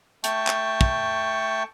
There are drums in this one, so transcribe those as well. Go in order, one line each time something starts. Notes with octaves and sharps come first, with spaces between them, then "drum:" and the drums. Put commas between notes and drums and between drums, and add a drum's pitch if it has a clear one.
A3 G5 A5 C#6, drum: hi-hat
drum: clap
drum: kick